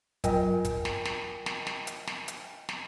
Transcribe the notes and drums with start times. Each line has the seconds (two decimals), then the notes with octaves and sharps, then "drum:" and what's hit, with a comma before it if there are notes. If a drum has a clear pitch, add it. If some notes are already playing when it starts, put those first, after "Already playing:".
0.24 F#3 F4 A#4 D#5 G5 G#5, drum: kick, hi-hat
0.65 drum: kick, hi-hat
0.85 drum: snare
1.05 drum: snare
1.46 drum: snare
1.67 drum: snare
1.87 drum: hi-hat
2.07 drum: snare
2.28 drum: hi-hat
2.69 drum: snare